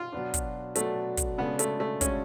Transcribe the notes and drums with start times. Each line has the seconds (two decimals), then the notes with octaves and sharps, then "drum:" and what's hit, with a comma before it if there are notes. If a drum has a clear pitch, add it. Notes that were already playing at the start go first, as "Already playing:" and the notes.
Already playing: F4
0.12 B2 F#3 B3 D4
0.34 drum: kick, hi-hat
0.75 B2 F#3 A3 B3 D4, drum: hi-hat
1.17 drum: kick, hi-hat
1.38 C#3 G#3 B3 D4 F#4 A4
1.59 A3, drum: hi-hat
1.80 A3
2.01 C#3 G#3 C#4 D4 F#4 A4, drum: kick, hi-hat